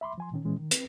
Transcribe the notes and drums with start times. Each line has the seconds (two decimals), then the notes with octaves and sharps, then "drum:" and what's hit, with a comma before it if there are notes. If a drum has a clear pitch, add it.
0.01 E5 B5 C6 D6
0.18 F3 G#5 C6
0.32 A#2 D#3 C#4
0.44 A#2 E3 G#3 C#4
0.57 D#3
0.71 C4 B4, drum: hi-hat